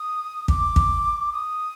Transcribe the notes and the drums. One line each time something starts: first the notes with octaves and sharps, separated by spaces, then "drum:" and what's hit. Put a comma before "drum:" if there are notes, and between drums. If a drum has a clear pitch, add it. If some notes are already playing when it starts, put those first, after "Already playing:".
Already playing: D#6
D6, drum: kick
drum: kick
D#6